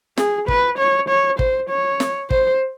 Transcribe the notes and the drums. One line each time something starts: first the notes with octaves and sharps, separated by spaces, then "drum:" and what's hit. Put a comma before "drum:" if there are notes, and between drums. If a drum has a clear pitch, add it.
G#4, drum: snare
B4, drum: kick
C#5
C#5
C5, drum: kick
C#5
drum: snare
C5, drum: kick